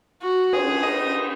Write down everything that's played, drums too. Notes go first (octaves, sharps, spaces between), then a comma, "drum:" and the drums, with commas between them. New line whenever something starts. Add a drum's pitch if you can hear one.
F#4
G#4, drum: cymbal
D#5